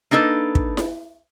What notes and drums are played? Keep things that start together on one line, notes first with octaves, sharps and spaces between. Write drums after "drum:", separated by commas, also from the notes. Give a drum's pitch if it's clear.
A#3 D4 D#4 A4 B4
drum: kick
drum: snare E4